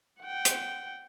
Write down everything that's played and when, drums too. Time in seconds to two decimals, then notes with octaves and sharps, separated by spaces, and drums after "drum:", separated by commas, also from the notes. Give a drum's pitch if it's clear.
0.21 F#5 G5
0.45 drum: hi-hat